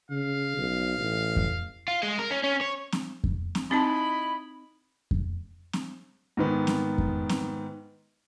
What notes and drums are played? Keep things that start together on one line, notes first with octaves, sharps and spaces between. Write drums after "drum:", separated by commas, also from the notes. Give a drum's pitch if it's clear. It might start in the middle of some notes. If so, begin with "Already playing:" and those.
C#3 F5
B1
A1
drum: kick F2
F4
G#3
A#4
C#4
C#4
C#5
drum: snare C4
drum: kick F2
drum: snare C4
C4 D#4 E4 D#5 A5 B5
drum: kick F2
drum: snare C4
G#2 D#3 B3
drum: snare C4
drum: kick F2
drum: snare C4